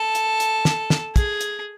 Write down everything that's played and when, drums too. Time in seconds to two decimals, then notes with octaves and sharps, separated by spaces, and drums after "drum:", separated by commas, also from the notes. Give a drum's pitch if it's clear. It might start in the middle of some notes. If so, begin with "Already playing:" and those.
Already playing: A4
0.15 drum: hi-hat
0.40 drum: hi-hat
0.65 drum: snare
0.90 drum: snare
1.16 G#4, drum: kick, hi-hat
1.41 drum: hi-hat